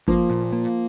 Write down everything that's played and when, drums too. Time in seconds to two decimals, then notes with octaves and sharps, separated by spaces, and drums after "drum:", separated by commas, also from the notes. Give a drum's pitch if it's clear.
0.08 F3 A#3, drum: kick G#1
0.30 A#2
0.52 A#3